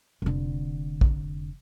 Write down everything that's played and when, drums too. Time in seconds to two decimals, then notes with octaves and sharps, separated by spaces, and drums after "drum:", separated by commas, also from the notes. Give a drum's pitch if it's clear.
0.22 F1 D3
1.01 drum: kick